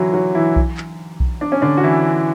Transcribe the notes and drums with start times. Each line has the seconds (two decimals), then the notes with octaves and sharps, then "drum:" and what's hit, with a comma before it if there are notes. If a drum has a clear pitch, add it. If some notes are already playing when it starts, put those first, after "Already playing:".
Already playing: D3 E3 F#3 E4 F#4
0.13 F#3 F#4
0.35 E3 E4
0.56 drum: kick B1
0.77 drum: clap
1.20 drum: kick B1
1.41 D4
1.52 C#4
1.62 D3 D4
1.77 F#4
1.83 E3 E4